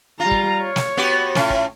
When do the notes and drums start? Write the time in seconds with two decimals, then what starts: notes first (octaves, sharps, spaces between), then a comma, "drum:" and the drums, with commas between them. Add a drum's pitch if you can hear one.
0.20 G3 F4 A#5
0.31 drum: kick
0.62 C#5
0.76 drum: snare
0.97 B3 F#4 G4
1.35 A2 C#4 F4, drum: snare
1.50 drum: kick